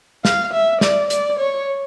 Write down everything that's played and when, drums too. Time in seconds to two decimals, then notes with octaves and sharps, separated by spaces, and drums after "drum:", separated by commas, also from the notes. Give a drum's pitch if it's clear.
0.25 F5, drum: snare
0.53 E5
0.81 D5, drum: snare
1.10 D5, drum: hi-hat
1.39 C#5